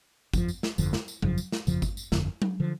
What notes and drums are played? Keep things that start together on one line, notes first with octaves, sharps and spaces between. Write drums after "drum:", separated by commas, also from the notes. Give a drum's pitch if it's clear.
G1 F2 D3 F3, drum: kick G1, tambourine
drum: tambourine
drum: snare
G1 F2 D3 F3, drum: tambourine
drum: snare
drum: tambourine
G1 F2 C#3 F3, drum: tom F#3
drum: tambourine
drum: snare
G1 F2 C#3 F3, drum: tambourine
drum: kick G1, tambourine
drum: tambourine
G1 F2 D3 F3, drum: snare
drum: tom F#3
D3 F3